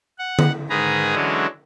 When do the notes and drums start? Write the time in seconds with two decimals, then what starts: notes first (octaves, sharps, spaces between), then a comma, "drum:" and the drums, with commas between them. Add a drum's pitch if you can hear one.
0.18 F#5
0.39 drum: tom D3
0.69 G#2 D#3 G#4 B4 A#5
1.15 D3 E3 F#3 G#3 C#4 D4